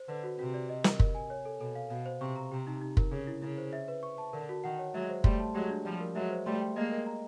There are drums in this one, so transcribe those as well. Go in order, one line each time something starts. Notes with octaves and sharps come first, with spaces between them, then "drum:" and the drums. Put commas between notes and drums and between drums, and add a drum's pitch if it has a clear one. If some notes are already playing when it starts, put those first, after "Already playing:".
Already playing: C5
D3 B4
F#4
C3 F#4
D5
D#5
A#4, drum: snare
A#4, drum: kick
G#5
C#5
A4
B2 A4
F5
B2 F5
C5
C3 C#6
A#5
C3 G4
D#4
D#4
A#4, drum: kick
C#3 G#4
E4
C#3 E4
C5
E5
B4
C#6
A5
D3 A#4
F#4
D#3 F#5
C#5
F#3 G#3 E5
C5
G3 A3 C6, drum: kick
A5
F#3 G#3 G4
D4
F3 G3 D5
A#4
F#3 G#3 E5
C5
G3 A3 C6
G5
G#3 A#3 D#5
A#4
A#5